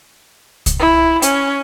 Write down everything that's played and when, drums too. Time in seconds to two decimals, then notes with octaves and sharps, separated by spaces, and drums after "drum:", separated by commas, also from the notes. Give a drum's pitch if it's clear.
0.66 drum: kick C2, hi-hat
0.79 E4
1.22 C#4, drum: hi-hat